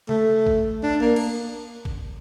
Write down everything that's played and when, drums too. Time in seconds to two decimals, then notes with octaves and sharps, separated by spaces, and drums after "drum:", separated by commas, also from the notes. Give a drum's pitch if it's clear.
0.09 A3, drum: tom C3
0.46 drum: kick
0.83 D4
1.01 A#3
1.16 drum: cymbal
1.85 drum: kick